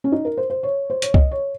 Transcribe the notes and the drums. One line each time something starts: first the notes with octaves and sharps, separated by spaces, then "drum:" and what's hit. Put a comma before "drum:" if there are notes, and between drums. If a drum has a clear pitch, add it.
C#4
D#4
A#4
C5
C5
C#5
C5
C#5, drum: hi-hat
D#5, drum: kick C2
C#5